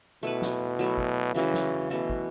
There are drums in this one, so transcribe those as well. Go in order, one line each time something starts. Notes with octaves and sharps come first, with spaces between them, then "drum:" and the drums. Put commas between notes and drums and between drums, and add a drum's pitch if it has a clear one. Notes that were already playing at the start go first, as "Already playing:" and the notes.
B2 A3 E4 B4
drum: snare
F#3 A3 E4
drum: kick
C#3 E3 F#3 C#4 F#4
drum: snare
B2 E3 A3 F#4
drum: kick